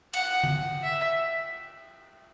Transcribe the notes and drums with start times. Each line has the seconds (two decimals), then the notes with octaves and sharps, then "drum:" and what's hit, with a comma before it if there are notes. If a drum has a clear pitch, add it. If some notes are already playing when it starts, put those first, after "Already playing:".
0.13 F#5, drum: cymbal
0.44 drum: tom D3
0.83 E5